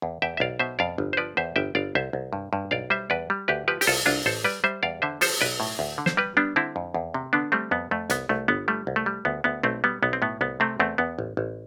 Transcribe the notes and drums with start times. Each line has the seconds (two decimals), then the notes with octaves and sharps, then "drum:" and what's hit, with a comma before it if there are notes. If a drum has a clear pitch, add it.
0.02 E2
0.22 E2 E5 G5
0.37 E5
0.40 B1 D5 F5
0.59 B2 C5 E5
0.79 F2 D5 F5
0.98 G1
1.13 C5
1.17 F3 B4 D5
1.37 E2 C5 E5
1.56 G1 E5 G5
1.75 G1 D5 F5
1.95 C2 C5 E5
2.13 C2
2.33 G2
2.53 G2
2.71 B1 D5 F5
2.90 G3 C5 E5
3.10 E2 B4 D5
3.30 G3
3.48 D2 G4 B4
3.68 F3 G4 B4
3.81 G4, drum: open hi-hat
3.87 C2 F4 A4
4.06 C2 D4 F4
4.26 A1 A4 C5
4.44 G3 B4 D5
4.64 G3 C5 E5
4.83 E2 D5 F5
5.02 D3 C5 E5
5.21 F3 A4 C5, drum: open hi-hat
5.41 B1 B4 D5
5.60 A2
5.79 D2
5.98 D3
6.06 C5, drum: snare
6.17 G3 G4 B4
6.37 G3 B3 D4
6.56 D3 C4 E4
6.76 F2
6.94 E2
7.14 C3
7.33 D3 B3 D4
7.52 G3 A3 C4
7.71 F2 B3
7.91 F2 A3
8.10 C2 B3, drum: hi-hat
8.29 C2 A3
8.48 G1 B3
8.68 G3 A3
8.87 C2
8.96 A3
9.06 G3
9.25 D2 B3
9.44 D2 B3
9.63 B1 A3 C4
9.84 G3 B3
10.02 B1 B3
10.13 C4
10.22 A2 B3
10.41 C2 B3
10.60 C3 A3 C4
10.80 E2 A3 C4
10.98 E2 B3
11.19 A1
11.37 A1